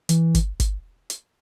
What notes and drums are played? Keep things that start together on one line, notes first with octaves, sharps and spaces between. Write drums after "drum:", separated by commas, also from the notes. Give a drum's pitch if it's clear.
E3, drum: hi-hat
drum: kick G1, hi-hat
drum: kick G1, hi-hat
drum: hi-hat